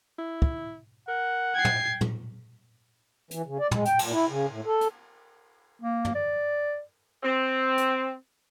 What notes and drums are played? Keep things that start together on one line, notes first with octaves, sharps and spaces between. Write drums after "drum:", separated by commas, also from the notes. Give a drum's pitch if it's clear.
E4
drum: kick
A#4 F#5
G5 G#6 C7
drum: tom
drum: tom
E3, drum: hi-hat
C#3
D5
G#3, drum: tom
G5, drum: hi-hat
A#2, drum: cymbal
E4
C#3
A2
A4
drum: hi-hat
A#3
drum: tom
D5
C4
drum: hi-hat